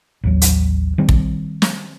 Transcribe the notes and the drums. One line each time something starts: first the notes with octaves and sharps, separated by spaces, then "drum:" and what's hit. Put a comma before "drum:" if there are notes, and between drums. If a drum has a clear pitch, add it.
A1 D#2 F#3
drum: hi-hat
D#3 G3 C4
drum: kick
drum: snare